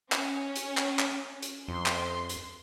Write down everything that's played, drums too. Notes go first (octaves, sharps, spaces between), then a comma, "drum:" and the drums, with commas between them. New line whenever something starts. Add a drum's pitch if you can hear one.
C#4, drum: clap
drum: hi-hat
drum: clap
drum: clap
drum: hi-hat
F2 C6
drum: clap
drum: hi-hat